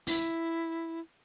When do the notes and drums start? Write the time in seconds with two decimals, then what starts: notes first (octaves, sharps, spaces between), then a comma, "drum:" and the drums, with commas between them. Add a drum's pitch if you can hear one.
0.07 E4, drum: open hi-hat